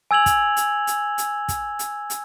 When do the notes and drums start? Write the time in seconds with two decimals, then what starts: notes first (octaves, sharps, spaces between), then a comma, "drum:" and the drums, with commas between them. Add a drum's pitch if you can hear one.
0.11 G#5 E6 G#6 F7 F#7
0.26 drum: kick, hi-hat
0.57 drum: hi-hat
0.87 drum: hi-hat
1.18 drum: hi-hat
1.48 drum: kick, hi-hat
1.79 drum: hi-hat
2.10 drum: hi-hat